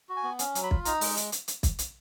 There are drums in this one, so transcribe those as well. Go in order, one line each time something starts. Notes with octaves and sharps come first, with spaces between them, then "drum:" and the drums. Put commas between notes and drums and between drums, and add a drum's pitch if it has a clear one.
F#4
G#5
B3
C#4, drum: hi-hat
F#3, drum: hi-hat
B5
F4, drum: kick
D#4 A#5, drum: hi-hat
G#3, drum: open hi-hat
drum: hi-hat
drum: hi-hat
drum: hi-hat
drum: kick, hi-hat
drum: hi-hat